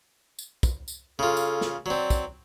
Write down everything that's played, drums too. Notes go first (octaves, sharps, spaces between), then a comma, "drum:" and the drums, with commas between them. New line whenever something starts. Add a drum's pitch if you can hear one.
drum: tambourine
drum: kick, tambourine
drum: tambourine
C#3 F4 A4
drum: tambourine
drum: snare
F#3 C4 D5
drum: kick, tambourine